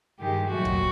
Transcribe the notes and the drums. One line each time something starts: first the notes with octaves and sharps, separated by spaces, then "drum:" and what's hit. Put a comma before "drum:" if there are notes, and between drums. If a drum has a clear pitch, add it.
G2 D#3 G#3 G4
A#2 F#3 A3 F#4
drum: kick